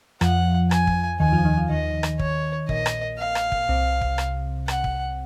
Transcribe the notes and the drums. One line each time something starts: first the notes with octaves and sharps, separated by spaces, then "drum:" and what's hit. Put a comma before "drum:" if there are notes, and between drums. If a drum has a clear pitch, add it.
F2 F3 F#5, drum: rim click
G#5, drum: rim click
drum: kick
D#2 D#3 G#5
F2 F3
D#2 D#3
F2 F3
D#2 D#3 D#5
drum: rim click
C#5, drum: kick
A#1 A#2 D#5, drum: kick
drum: rim click
F5
drum: rim click
drum: kick
C2 C3
drum: kick
drum: rim click
F#5, drum: rim click
drum: kick